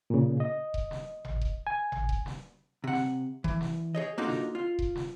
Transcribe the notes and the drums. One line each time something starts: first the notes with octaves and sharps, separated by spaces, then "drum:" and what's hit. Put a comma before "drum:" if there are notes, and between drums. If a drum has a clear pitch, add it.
A#2 C#3
D#5
drum: kick D#1
drum: snare
drum: tom G#1
drum: kick D#1
G#5
drum: tom G#1
drum: kick D#1
drum: snare
C3 F#5
drum: snare
E3, drum: kick D#1
drum: snare
G#4 C#5 D#5
A#3 D4 D#4 F4 F#4 A4
drum: snare
F4
drum: kick D#1
drum: snare